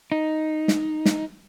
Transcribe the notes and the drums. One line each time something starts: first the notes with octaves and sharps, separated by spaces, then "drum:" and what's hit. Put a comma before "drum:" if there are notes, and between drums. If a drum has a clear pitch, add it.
D#4
drum: snare
drum: snare